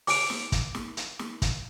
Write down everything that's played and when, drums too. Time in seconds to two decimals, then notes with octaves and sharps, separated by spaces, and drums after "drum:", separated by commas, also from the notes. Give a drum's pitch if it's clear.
0.07 D6 D7, drum: open hi-hat
0.30 drum: snare
0.52 drum: kick, hi-hat
0.75 drum: snare
0.97 drum: hi-hat
1.19 drum: snare
1.42 drum: kick, hi-hat